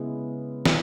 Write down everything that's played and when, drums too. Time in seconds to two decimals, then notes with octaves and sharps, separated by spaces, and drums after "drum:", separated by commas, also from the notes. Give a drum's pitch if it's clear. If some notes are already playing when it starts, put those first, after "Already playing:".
Already playing: C#3 G#3 B3 E4
0.66 E3, drum: snare